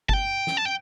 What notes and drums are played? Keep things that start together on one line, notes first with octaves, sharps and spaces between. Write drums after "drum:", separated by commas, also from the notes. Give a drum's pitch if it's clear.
A5, drum: kick G1
G5
drum: snare
A5
G5